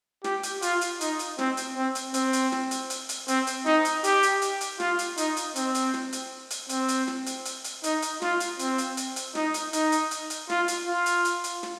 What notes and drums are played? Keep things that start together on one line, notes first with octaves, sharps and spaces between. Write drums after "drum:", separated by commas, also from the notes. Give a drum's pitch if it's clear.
G4, drum: snare
drum: hi-hat
F4, drum: hi-hat
drum: hi-hat
D#4, drum: hi-hat
drum: hi-hat
C4, drum: snare
drum: hi-hat
C4
drum: hi-hat
C4, drum: hi-hat
drum: hi-hat
drum: snare
drum: hi-hat
drum: hi-hat
drum: hi-hat
C4, drum: hi-hat
drum: hi-hat
D#4, drum: snare
drum: hi-hat
G4, drum: hi-hat
drum: hi-hat
drum: hi-hat
drum: hi-hat
F4, drum: snare
drum: hi-hat
D#4, drum: hi-hat
drum: hi-hat
C4, drum: hi-hat
drum: hi-hat
drum: snare
drum: hi-hat
drum: hi-hat
C4, drum: hi-hat
drum: hi-hat
drum: snare
drum: hi-hat
drum: hi-hat
drum: hi-hat
D#4, drum: hi-hat
drum: hi-hat
F4, drum: snare
drum: hi-hat
C4, drum: hi-hat
drum: hi-hat
drum: hi-hat
drum: hi-hat
D#4, drum: snare
drum: hi-hat
D#4, drum: hi-hat
drum: hi-hat
drum: hi-hat
drum: hi-hat
F4, drum: snare
drum: hi-hat
F4
drum: hi-hat
drum: hi-hat
drum: hi-hat
drum: snare